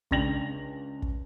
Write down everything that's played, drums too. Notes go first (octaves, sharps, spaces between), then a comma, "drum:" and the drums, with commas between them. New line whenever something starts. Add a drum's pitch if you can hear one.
C#2 D4 G5 A#6 F7 F#7, drum: kick
drum: kick